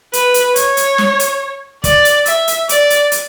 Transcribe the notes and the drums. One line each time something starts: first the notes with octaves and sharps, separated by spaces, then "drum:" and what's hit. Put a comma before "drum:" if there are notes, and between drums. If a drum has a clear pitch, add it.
B4, drum: hi-hat
drum: hi-hat
C#5, drum: hi-hat
drum: hi-hat
drum: snare
drum: hi-hat
D5, drum: kick, hi-hat
drum: hi-hat
E5, drum: hi-hat
drum: hi-hat
D5, drum: hi-hat
drum: hi-hat
drum: hi-hat